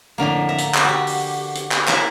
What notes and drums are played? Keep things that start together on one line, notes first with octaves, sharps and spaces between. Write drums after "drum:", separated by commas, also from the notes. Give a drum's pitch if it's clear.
F2 A2 D3 A#3
E5 A#5
drum: hi-hat
drum: clap
F#4 G4
drum: open hi-hat
drum: hi-hat
drum: clap
A#3 E4 E5, drum: clap